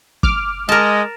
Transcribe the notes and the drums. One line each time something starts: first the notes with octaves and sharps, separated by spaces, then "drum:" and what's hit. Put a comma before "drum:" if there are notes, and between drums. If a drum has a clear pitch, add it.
D6 F6, drum: kick
G#3 A#4 D#5 A5